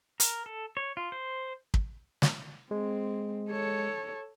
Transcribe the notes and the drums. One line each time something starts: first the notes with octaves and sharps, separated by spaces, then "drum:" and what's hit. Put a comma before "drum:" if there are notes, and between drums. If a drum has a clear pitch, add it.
A#4, drum: hi-hat
A4
C#5
F4
C5
drum: kick
drum: snare
G#3 C4
A4 C#5